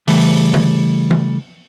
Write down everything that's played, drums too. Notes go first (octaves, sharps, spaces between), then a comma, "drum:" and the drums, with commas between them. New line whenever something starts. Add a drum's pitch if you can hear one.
C#3 E3 G3 A3, drum: open hi-hat
drum: tom
drum: tom